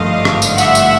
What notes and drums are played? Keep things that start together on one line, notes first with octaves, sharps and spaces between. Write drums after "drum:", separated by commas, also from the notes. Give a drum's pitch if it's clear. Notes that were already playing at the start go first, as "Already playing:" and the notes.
Already playing: G#1 G2 D3 F3 A3 D#5 F5
drum: rim click
drum: tambourine
E5 F#5, drum: tambourine
drum: tambourine